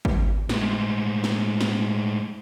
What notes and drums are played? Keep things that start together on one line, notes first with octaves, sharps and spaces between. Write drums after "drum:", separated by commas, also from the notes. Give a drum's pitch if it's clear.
drum: kick G#1
A2 G#3, drum: snare
drum: snare
drum: snare